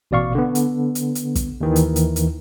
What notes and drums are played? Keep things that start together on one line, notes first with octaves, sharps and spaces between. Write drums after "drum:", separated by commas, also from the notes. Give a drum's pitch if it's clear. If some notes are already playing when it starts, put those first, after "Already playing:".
A1 B2 D5 F5 C#6
D3 B3
drum: hi-hat
drum: hi-hat
drum: hi-hat
drum: kick, hi-hat
D#2 D#3 E3
drum: hi-hat
drum: hi-hat
drum: hi-hat